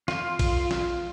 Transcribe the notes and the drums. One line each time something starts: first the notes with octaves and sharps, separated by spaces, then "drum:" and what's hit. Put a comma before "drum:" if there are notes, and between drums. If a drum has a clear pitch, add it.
F4, drum: snare
drum: kick, cymbal
drum: snare